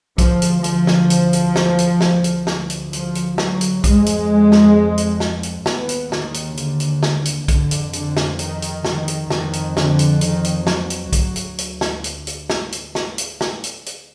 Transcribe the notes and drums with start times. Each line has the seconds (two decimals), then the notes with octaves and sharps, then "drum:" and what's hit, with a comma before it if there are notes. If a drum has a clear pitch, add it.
0.18 D2 F3, drum: kick, hi-hat
0.42 drum: hi-hat
0.64 F3, drum: hi-hat
0.87 drum: snare
1.10 drum: hi-hat
1.33 drum: hi-hat
1.56 drum: snare
1.78 drum: hi-hat
2.01 D2, drum: snare
2.24 drum: hi-hat
2.47 drum: snare
2.70 drum: hi-hat
2.93 F3, drum: hi-hat
3.15 drum: hi-hat
3.38 F#3, drum: snare
3.61 drum: hi-hat
3.84 F2 G#3, drum: kick, hi-hat
4.06 drum: hi-hat
4.52 drum: snare
4.98 drum: hi-hat
5.20 drum: snare
5.43 drum: hi-hat
5.66 D#2 B3, drum: snare
5.89 drum: hi-hat
6.12 D#3, drum: snare
6.34 drum: hi-hat
6.57 D3, drum: hi-hat
6.80 drum: hi-hat
7.03 drum: snare
7.25 drum: hi-hat
7.48 F2 D3, drum: kick, hi-hat
7.71 drum: hi-hat
7.93 D3, drum: hi-hat
8.17 drum: snare
8.39 D#3, drum: hi-hat
8.62 drum: hi-hat
8.85 D#3, drum: snare
9.08 drum: hi-hat
9.30 F2 D#3, drum: snare
9.53 drum: hi-hat
9.77 D3, drum: snare
9.99 drum: hi-hat
10.21 D#3, drum: hi-hat
10.44 drum: hi-hat
10.67 F#3, drum: snare
10.90 drum: hi-hat
11.13 D2, drum: kick, hi-hat
11.36 drum: hi-hat
11.58 drum: hi-hat
11.81 drum: snare
12.04 drum: hi-hat
12.27 drum: hi-hat
12.50 drum: snare
12.72 drum: hi-hat
12.95 drum: snare
13.18 drum: hi-hat
13.41 drum: snare
13.64 drum: hi-hat
13.86 drum: hi-hat